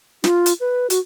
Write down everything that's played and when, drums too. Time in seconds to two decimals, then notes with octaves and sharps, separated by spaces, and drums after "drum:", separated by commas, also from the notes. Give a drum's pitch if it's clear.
0.24 F4, drum: snare
0.46 drum: hi-hat
0.60 B4
0.90 F#4, drum: hi-hat